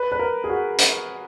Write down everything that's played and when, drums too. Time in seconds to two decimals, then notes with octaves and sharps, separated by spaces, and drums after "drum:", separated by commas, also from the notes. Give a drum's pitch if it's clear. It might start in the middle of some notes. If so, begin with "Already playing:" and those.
Already playing: B4
0.12 B4
0.19 A#4
0.44 G#4
0.49 F#4
0.78 drum: hi-hat